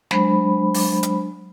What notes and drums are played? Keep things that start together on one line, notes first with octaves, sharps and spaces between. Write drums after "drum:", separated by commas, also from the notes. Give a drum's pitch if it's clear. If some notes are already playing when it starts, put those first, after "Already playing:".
F#3 G#3 D4 C5 B5, drum: snare
drum: open hi-hat
drum: hi-hat